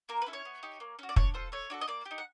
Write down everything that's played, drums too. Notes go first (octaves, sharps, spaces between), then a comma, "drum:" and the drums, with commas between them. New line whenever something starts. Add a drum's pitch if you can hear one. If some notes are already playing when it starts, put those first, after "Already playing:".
A#3 A#4
B4
C#4 E4 A4
C#5
B3
D#4 G4
A#3
C#4 F#4
D5
D4 C#5, drum: kick
F4 A4 C5
A3 C#5
D4 F#4 A4
D#5
A#3 D5
G4
D#4
F#5